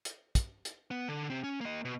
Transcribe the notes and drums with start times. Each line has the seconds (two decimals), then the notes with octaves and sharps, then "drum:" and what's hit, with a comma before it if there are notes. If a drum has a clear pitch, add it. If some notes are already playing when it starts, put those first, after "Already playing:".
0.05 drum: hi-hat
0.35 drum: kick, hi-hat
0.65 drum: hi-hat
0.91 B3
1.09 D3
1.30 C3 C4
1.44 C#4
1.61 A#3 D#5
1.85 B2